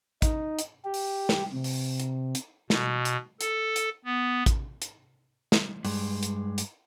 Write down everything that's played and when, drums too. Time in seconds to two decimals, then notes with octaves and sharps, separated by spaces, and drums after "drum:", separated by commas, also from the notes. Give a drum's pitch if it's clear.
0.22 D#4, drum: kick A1, hi-hat
0.59 drum: hi-hat
0.85 G4
0.94 drum: open hi-hat
1.29 drum: snare
1.53 C3
1.64 drum: open hi-hat
2.00 drum: hi-hat
2.35 drum: hi-hat
2.70 B2, drum: snare
3.05 drum: hi-hat
3.41 A4, drum: hi-hat
3.76 drum: hi-hat
4.05 B3
4.46 drum: kick A1, hi-hat
4.82 drum: hi-hat
5.52 drum: snare
5.85 G2 G#3, drum: open hi-hat
6.23 drum: hi-hat
6.58 drum: hi-hat